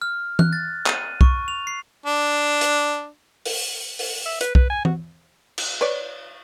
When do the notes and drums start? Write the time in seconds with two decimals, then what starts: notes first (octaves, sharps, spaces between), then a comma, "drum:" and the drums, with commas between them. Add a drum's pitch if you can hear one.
0.02 F6
0.39 F#6, drum: tom E3
0.53 A6
0.86 D#7, drum: clap
1.21 C#6, drum: kick B1
1.48 F7
1.67 C7
2.06 D4
2.61 drum: hi-hat
3.45 drum: open hi-hat
3.99 drum: open hi-hat
4.25 E5
4.41 B4, drum: hi-hat
4.55 B4, drum: kick B1
4.70 G#5
4.85 F#4, drum: tom E3
5.58 drum: cymbal
5.81 B4 C#5 D5